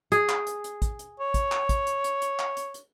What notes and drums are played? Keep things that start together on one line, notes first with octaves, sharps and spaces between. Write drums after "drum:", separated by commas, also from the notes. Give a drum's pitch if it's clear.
G#4, drum: hi-hat
drum: clap
drum: hi-hat
drum: hi-hat
drum: kick, hi-hat
drum: hi-hat
C#5
drum: kick, hi-hat
drum: clap
drum: kick, hi-hat
drum: hi-hat
drum: hi-hat
drum: hi-hat
drum: clap
drum: hi-hat
drum: hi-hat